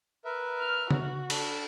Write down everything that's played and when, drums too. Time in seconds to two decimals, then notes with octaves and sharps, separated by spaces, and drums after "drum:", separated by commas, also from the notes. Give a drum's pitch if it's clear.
0.25 A#4 B4 E5
0.61 F6
0.90 F#4, drum: tom C#3
1.30 D4 A4 B5, drum: cymbal